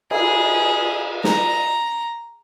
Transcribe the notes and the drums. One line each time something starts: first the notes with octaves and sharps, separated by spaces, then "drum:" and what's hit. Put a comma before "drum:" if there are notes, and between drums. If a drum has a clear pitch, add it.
G#4, drum: cymbal
A#5, drum: snare